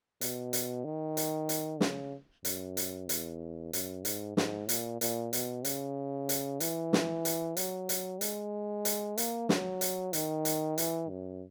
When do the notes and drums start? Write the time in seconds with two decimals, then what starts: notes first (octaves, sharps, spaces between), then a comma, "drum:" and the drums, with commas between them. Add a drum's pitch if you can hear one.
0.21 B2, drum: hi-hat
0.53 drum: hi-hat
0.85 D#3
1.17 drum: hi-hat
1.49 drum: hi-hat
1.81 C#3, drum: snare
2.45 F#2, drum: hi-hat
2.77 drum: hi-hat
3.09 E2, drum: hi-hat
3.73 F#2, drum: hi-hat
4.05 G#2, drum: hi-hat
4.37 G#2, drum: snare
4.69 A#2, drum: hi-hat
5.01 A#2, drum: hi-hat
5.33 B2, drum: hi-hat
5.65 C#3, drum: hi-hat
6.29 drum: hi-hat
6.60 E3, drum: hi-hat
6.93 drum: snare
7.25 drum: hi-hat
7.57 F#3, drum: hi-hat
7.89 drum: hi-hat
8.21 G#3, drum: hi-hat
8.85 drum: hi-hat
9.18 A#3, drum: hi-hat
9.49 F#3, drum: snare
9.81 drum: hi-hat
10.13 D#3, drum: hi-hat
10.45 drum: hi-hat
10.78 E3, drum: hi-hat
11.09 F#2